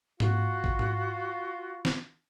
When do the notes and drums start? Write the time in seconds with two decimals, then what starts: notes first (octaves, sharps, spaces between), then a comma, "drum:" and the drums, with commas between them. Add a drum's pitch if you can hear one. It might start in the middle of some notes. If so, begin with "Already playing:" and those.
0.20 F4 F#4, drum: tom G#2
0.64 drum: kick A1
0.79 drum: tom G#2
1.85 drum: snare